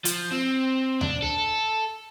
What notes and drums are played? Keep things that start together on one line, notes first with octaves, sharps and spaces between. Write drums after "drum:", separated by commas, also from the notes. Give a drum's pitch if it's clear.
F3, drum: hi-hat
C4
D4, drum: tom D2
A4